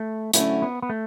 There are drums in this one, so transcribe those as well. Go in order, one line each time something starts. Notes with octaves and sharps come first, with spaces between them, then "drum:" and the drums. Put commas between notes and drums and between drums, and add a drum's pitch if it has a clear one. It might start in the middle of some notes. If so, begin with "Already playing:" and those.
Already playing: A3
D3 F#3 A3 C#4 E4, drum: hi-hat
B3
B3
A3